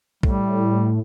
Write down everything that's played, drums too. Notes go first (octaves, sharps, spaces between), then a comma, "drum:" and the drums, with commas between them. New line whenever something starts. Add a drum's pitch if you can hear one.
A2 G3, drum: kick